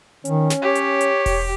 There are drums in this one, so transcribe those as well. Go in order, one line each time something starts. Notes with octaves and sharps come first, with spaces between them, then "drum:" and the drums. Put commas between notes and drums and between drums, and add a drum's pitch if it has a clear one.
D#3 C#4, drum: hi-hat
drum: snare
G4 C#5
drum: hi-hat
drum: hi-hat
drum: kick E1, open hi-hat